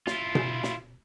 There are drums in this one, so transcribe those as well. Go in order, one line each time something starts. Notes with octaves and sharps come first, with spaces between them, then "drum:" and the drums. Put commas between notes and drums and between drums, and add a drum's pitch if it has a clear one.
E4 F4, drum: snare
drum: tom B2
drum: snare